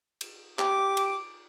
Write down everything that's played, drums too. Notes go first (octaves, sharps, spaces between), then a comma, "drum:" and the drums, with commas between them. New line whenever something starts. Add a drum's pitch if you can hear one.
drum: cymbal
G4 D6, drum: clap
drum: cymbal